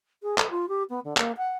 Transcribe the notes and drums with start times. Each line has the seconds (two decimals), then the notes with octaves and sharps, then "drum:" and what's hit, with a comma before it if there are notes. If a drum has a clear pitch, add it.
0.23 G#4
0.38 A4, drum: clap
0.50 F4
0.68 G4
0.90 B3
1.04 D3
1.17 A#3, drum: clap
1.37 F#5